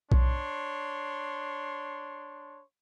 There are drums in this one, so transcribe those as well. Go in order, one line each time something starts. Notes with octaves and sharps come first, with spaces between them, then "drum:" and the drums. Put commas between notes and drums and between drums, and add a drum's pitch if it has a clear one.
D4 C#5 C6, drum: kick B1